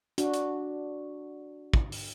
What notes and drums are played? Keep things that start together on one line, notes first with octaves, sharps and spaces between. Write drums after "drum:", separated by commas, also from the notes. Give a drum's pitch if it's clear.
D4 F#4, drum: hi-hat
drum: hi-hat
drum: kick
drum: open hi-hat